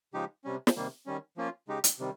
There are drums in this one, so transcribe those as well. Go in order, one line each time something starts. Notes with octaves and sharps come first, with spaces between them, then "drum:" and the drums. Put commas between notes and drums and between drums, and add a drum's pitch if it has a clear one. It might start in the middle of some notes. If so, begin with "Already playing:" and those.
C#3 F3 G#3 D#4 G4
C3 G3 C#4
drum: snare
C3 D#3 G3 A#3
D#3 G3 C#4
F3 A#3 C#4 F4
C#3 G#3 D#4 G4
drum: hi-hat
C3 D#3 G3